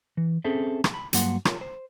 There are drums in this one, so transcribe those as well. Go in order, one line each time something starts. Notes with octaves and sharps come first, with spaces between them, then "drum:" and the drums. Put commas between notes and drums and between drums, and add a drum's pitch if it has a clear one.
E3
C4 C#4 G#4 A4 C5 E5
drum: rim click
B5
G2 F#3 A#3 F#5 C6, drum: hi-hat
F4 A#4 C#5, drum: rim click
C5